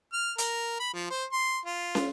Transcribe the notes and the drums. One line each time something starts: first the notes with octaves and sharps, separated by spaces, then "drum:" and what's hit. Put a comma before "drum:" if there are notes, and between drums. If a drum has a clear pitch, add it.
F6
A#4, drum: hi-hat
B5
F3
C5
C6
F4
drum: snare